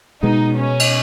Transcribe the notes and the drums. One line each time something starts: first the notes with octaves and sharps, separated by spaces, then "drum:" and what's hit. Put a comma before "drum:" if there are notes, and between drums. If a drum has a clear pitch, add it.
B2 G#3 B3 D#4
C#4
drum: cymbal